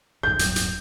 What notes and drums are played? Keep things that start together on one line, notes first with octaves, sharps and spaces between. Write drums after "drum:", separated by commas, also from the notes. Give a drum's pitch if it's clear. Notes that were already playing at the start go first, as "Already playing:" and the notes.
B1 G2 G6
D1 G2 F#3, drum: hi-hat
drum: hi-hat